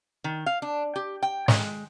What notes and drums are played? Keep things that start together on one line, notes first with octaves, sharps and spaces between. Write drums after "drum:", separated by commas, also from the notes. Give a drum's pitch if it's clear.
D#3
F5
D4
G4
G5
G#3, drum: snare